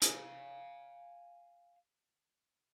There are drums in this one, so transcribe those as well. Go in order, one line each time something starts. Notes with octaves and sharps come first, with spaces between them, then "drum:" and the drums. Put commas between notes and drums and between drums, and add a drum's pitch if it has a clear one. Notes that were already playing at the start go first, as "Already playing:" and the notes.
F5 G#5, drum: hi-hat